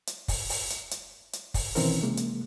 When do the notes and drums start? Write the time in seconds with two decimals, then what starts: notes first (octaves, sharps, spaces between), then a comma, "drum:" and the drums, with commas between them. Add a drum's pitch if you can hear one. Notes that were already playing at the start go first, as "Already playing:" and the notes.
0.07 drum: hi-hat
0.28 drum: kick, open hi-hat
0.49 drum: open hi-hat
0.70 drum: hi-hat
0.91 drum: hi-hat
1.33 drum: hi-hat
1.54 drum: kick, open hi-hat
1.75 B2 D#3 E3 C4 C#4 A#4, drum: open hi-hat
2.03 C3 G#3 A#3
2.17 drum: hi-hat